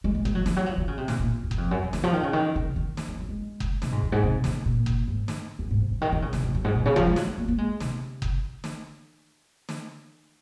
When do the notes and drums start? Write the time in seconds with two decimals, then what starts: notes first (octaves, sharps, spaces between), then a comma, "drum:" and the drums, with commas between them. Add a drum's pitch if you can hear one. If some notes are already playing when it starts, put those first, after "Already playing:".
0.04 G#3
0.15 G#3
0.25 G#3, drum: kick F#1
0.35 F#3
0.46 F3, drum: snare
0.56 F#3
0.66 F3
0.78 D#3
0.88 C#3
0.98 C3
1.08 A#2, drum: snare
1.20 A#2
1.43 F2
1.51 F#2, drum: kick F#1
1.58 F2
1.71 F#2
1.82 F#2
1.93 C#3, drum: snare
2.04 F3
2.13 D#3
2.23 C#3
2.33 D#3
2.56 C#3
2.76 D#3
2.97 drum: snare
3.08 F#3
3.19 F#3
3.29 G#3
3.60 drum: kick F#1
3.82 C3, drum: snare
3.92 G#2
4.03 F2
4.12 G#2
4.24 C3
4.44 C#3, drum: snare
4.66 A#2
4.86 drum: kick F#1
5.08 G#2
5.28 drum: snare
5.59 F#2
5.71 G#2
5.80 C3
5.91 C#3
6.02 D#3
6.12 D#3
6.22 C#3
6.33 C3, drum: snare
6.44 F#2
6.55 F#2
6.64 G#2
6.76 A#2
6.86 C#3
6.96 F3, drum: kick F#1
7.07 G#3
7.16 F#3, drum: snare
7.28 G#3
7.38 A#3
7.48 A#3
7.58 G#3
7.80 C3, drum: snare
8.22 drum: kick F#1
8.64 drum: snare
9.69 drum: snare